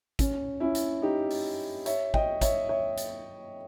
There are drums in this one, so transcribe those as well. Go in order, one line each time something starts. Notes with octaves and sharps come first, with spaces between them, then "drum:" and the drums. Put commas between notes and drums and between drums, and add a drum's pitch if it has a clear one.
C#4, drum: kick G#1, hi-hat
C#4 E4
drum: hi-hat
D#4 G4
drum: open hi-hat
C#5 E5, drum: hi-hat
D#5 G5, drum: kick G#1
C#5 E5, drum: kick G#1, hi-hat
C#5 E5
drum: hi-hat